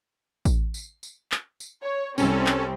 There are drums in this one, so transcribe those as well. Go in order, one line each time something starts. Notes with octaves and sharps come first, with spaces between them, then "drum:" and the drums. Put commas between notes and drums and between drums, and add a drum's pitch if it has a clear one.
drum: kick A1, tambourine
drum: tambourine
drum: tambourine
drum: clap
drum: tambourine
C#5
C2 C4 C#4 A4, drum: tambourine
drum: clap